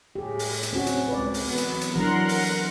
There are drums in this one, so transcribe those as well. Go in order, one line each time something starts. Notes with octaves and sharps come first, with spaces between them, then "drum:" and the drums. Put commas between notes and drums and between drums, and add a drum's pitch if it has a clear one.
A2 G4 G#4
drum: open hi-hat
drum: hi-hat
C4 C#4 F#4
drum: hi-hat
C#2 B4 D5
drum: open hi-hat
E3 F#3 B3
drum: hi-hat
drum: hi-hat
E3 F#3 D4 A#4 F#5 C6
drum: open hi-hat